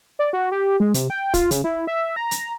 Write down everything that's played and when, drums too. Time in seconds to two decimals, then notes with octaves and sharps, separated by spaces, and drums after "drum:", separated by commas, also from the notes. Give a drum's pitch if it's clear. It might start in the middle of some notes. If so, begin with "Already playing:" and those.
0.19 D5
0.33 F#4
0.52 G4
0.80 G#3
0.94 C3, drum: hi-hat
1.10 G5
1.34 F4, drum: kick, hi-hat
1.51 C#3, drum: hi-hat
1.64 E4
1.87 E5
2.16 A#5
2.31 drum: hi-hat